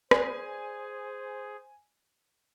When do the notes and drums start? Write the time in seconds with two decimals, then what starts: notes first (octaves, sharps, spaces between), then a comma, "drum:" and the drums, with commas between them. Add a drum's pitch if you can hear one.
0.11 G#4 C5 D5 G#5, drum: rim click